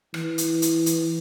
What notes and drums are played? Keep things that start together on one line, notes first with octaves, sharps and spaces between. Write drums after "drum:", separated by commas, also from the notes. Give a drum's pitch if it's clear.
E3, drum: rim click
drum: hi-hat
drum: hi-hat
drum: hi-hat